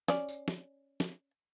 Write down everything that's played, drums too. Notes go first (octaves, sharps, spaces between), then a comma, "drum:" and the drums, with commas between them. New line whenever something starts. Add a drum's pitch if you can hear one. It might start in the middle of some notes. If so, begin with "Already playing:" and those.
C#4 D5, drum: snare
drum: tambourine
drum: snare
drum: snare